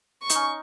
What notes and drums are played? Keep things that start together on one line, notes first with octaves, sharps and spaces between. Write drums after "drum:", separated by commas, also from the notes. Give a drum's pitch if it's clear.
C#6
D#4, drum: hi-hat
C#4